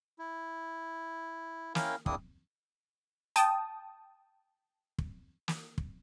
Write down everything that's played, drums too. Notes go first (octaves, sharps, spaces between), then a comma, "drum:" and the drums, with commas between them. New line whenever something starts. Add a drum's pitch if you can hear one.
E4
C#4 E4 A#4 F5 G5, drum: snare
E2 A#3 C4 D4 E4 D#6, drum: kick
G5 A5 D#6, drum: hi-hat
drum: kick
drum: snare
drum: kick